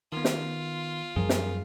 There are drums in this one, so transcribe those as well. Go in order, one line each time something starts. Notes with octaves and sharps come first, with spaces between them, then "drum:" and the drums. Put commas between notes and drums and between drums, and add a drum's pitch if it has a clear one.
D#3 B3 F4
drum: snare
F#2 F3 G3 G#4 A#4
drum: snare